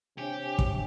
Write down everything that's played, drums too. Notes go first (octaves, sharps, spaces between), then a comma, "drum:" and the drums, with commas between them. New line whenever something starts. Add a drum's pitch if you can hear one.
C3 D4 G4 C#5 G5 G#5
drum: kick